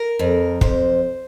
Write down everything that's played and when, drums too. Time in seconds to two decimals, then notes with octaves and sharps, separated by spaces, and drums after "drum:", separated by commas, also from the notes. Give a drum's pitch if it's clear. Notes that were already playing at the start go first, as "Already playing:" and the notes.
Already playing: A#4
0.19 F2
0.61 F2 C5, drum: kick